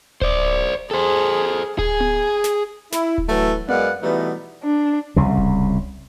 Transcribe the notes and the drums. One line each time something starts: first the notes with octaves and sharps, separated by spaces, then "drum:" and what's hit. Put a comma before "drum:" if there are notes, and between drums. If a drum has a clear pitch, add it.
C5 D5, drum: kick D1
G#4 A4 C5
G#4 G#5, drum: kick D1
drum: tom B3
drum: snare
E4, drum: snare
drum: kick D1
E3 F#3 A3 F#4 A4
F#2 G#3 B3 D5 F5 F#5, drum: tom B3
B2 E3 G3 A3 B3 D#4
D4
C2 C#3
drum: kick D1